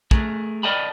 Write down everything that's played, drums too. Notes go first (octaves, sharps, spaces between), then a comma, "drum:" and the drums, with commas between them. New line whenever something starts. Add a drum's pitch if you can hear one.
A3 G#4 A#4, drum: kick
A#4 D5 D#5 G5 A5 B5